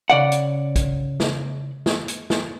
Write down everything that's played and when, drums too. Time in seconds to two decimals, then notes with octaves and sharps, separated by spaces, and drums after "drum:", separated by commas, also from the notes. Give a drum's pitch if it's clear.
0.10 C#3 D5 F#5
0.32 drum: hi-hat
0.76 drum: kick, hi-hat
1.20 drum: snare
1.86 drum: snare
2.08 drum: hi-hat
2.30 drum: snare